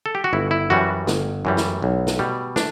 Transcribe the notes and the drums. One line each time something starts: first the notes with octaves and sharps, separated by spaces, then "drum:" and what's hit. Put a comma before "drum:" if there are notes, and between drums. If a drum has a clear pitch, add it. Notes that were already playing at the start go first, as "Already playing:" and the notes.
A4
G4
F#4
G1 E4
E4
F#2 E3 G3 F#4
G1, drum: snare
F#2 E3 G3
drum: snare
B1
drum: snare
B2 G3
D4, drum: snare